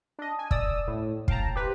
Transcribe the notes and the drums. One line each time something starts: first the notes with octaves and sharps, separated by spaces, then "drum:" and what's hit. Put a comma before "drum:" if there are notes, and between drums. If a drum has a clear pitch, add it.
D4 D#5
G#5
D5 D#6 E6, drum: kick
A2
F5 G5 A5 A#5, drum: kick
G4 B4 C5